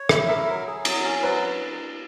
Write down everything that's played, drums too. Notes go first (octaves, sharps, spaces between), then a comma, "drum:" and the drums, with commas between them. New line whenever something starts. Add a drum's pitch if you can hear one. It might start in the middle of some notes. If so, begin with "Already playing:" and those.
Already playing: C#5
E4 E5, drum: rim click
A#4 E5
F#3
G#4
F#3, drum: cymbal
C#4
F#3 B4